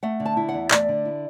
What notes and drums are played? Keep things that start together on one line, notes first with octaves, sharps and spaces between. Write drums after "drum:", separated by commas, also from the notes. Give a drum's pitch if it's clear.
A3 F#5
D3
A5
E4
F#5
E2
A3 D5, drum: clap
D3
E4